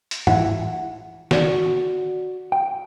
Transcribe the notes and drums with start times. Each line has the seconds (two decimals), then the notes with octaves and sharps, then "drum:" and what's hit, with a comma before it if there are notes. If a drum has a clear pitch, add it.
0.11 drum: hi-hat
0.27 E4 F#5, drum: tom
1.31 F#4 D5, drum: snare
2.52 G5